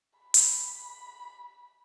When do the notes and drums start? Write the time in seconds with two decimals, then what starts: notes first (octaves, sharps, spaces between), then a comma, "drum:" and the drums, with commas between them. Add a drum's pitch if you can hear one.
0.20 B5
0.34 drum: hi-hat